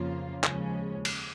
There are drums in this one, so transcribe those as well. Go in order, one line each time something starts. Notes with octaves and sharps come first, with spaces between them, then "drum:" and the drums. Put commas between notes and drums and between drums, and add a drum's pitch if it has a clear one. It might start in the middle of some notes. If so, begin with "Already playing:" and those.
Already playing: F2 C#3 F3 A#3 F4
D#2 C#3 F3 G#3 C#4, drum: clap
drum: cymbal